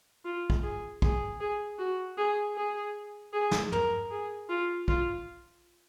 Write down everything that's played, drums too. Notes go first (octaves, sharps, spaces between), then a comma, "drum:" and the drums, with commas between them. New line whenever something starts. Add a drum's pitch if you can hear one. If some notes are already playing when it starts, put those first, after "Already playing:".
F4
drum: kick
G#4
G#4, drum: kick
G#4
F#4
G#4
G#4
G#4
drum: snare
A#4, drum: tom
G#4
F4
F4, drum: kick